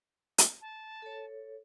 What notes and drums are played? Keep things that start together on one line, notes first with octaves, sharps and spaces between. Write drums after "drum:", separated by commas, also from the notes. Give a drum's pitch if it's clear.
drum: hi-hat
A5
A4 C#5